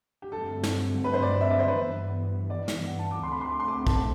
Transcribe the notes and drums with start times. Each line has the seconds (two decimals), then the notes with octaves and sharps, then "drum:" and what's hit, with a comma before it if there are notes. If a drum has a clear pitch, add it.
0.22 G4
0.31 G2 D3 F#3 A3 C4 A4
0.63 drum: snare
1.04 B4
1.13 C5
1.22 D5
1.41 E5
1.50 D5
1.59 C5
1.68 B4
1.77 G2 E3 B3
2.50 D5
2.68 drum: snare
2.86 F#5
2.99 A5
3.11 D6
3.23 D2 D3 A3 C4 C6
3.32 B5
3.41 C6
3.50 D6
3.59 C6
3.68 D6
3.87 A5, drum: kick